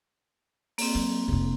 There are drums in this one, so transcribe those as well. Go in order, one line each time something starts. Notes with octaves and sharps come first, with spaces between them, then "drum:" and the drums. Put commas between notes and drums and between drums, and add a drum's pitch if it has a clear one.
A#3 C4, drum: open hi-hat
F#3
F1 F2